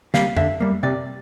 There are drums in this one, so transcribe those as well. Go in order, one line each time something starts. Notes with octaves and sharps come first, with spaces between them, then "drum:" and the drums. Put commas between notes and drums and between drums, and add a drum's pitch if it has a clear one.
G3 A#3 F5, drum: snare
D3 E5, drum: tom F2
G3 A#3
C3 D5